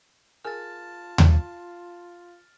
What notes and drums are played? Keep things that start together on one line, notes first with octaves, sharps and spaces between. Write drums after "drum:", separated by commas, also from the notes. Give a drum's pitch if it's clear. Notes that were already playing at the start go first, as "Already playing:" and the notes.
F4 G#4 A#4 G#5 A5 F6 A6
drum: tom D#2